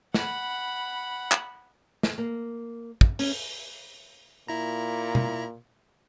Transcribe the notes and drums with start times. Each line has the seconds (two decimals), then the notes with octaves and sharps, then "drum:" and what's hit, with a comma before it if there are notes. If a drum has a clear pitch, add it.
0.14 F#5 B5, drum: snare
1.32 drum: clap
2.03 drum: snare
2.18 A#3
3.01 drum: kick
3.19 C#4, drum: open hi-hat
4.48 A#2 E4 A#5
5.15 drum: tom B2